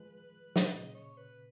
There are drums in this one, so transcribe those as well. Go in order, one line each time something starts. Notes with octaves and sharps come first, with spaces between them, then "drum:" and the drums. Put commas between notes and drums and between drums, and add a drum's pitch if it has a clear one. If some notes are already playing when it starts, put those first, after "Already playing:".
Already playing: D#3 F3 G#3 B4
drum: snare
A#2 C#3 D#5
C#5
B4